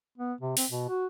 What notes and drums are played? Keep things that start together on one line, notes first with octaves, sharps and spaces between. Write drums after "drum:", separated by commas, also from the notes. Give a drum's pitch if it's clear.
B3
C3
C4, drum: open hi-hat
B2
F#4